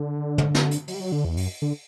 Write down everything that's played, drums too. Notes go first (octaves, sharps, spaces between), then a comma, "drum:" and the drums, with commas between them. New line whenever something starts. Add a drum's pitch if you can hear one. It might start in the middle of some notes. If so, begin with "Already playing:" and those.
Already playing: D3
drum: tom
drum: snare
drum: hi-hat
F#3, drum: open hi-hat
G3
F#3
D3
E2
F#2, drum: open hi-hat
D3